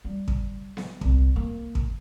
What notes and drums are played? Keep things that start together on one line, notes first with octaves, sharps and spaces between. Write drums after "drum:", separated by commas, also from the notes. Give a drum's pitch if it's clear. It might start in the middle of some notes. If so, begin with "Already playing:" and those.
G3
drum: kick
drum: snare B3
C2, drum: kick
A#3
drum: kick